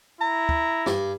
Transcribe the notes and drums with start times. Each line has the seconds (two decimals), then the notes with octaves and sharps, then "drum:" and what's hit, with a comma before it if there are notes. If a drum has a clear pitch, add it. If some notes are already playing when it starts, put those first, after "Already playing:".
0.21 E4 A#5
0.49 drum: kick
0.86 G2, drum: snare